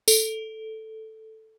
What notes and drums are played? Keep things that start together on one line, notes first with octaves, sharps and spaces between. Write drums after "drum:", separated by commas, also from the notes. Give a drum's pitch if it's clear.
A4, drum: tambourine